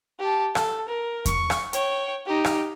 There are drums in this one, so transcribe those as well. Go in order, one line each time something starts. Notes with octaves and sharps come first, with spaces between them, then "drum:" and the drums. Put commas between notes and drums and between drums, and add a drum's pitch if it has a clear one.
G4 A5
A4, drum: rim click
A#4
C#6, drum: kick E2, hi-hat
drum: rim click
C#5 G5, drum: hi-hat
D#4 G4
drum: rim click